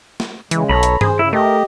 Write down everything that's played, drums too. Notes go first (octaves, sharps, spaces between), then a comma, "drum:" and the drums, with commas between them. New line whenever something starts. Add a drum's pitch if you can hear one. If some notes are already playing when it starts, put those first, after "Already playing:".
drum: snare
C#3 E3 G#3, drum: hi-hat
B1 A4 C#5 A#5 B5
drum: hi-hat
G#4 C5, drum: tom G2
C#3 E4
A3 G4 A#4 D#5